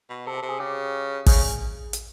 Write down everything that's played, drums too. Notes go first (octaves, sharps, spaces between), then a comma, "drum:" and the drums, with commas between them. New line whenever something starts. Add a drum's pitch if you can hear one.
B2
C3 A4
C3 A4
G#4
C#3 G4
C#3 G#4, drum: kick, open hi-hat
drum: hi-hat